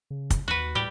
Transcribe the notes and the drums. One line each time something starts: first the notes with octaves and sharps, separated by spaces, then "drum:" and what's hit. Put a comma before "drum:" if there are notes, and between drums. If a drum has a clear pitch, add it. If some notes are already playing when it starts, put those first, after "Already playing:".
C#3
drum: kick, hi-hat
D#2 F#4 B4
A2 G3 G4